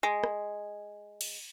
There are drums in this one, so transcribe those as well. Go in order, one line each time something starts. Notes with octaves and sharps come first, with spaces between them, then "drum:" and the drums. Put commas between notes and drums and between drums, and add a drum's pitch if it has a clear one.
G#3
drum: rim click
drum: cymbal